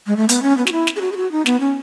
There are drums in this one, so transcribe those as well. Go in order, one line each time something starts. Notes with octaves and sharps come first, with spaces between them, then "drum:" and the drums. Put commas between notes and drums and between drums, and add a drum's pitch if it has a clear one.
G#3
A3
B3, drum: hi-hat
C#4
B3
F#4, drum: snare
E4
drum: snare
G#4
F#4
G#4
F#4
D#4
B3, drum: snare
C#4